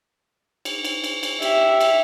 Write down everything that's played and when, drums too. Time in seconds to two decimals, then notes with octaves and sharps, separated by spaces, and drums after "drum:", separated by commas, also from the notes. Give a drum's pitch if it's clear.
0.65 drum: cymbal
0.85 drum: cymbal
1.04 drum: cymbal
1.23 drum: cymbal
1.42 G4 E5, drum: cymbal
1.81 drum: cymbal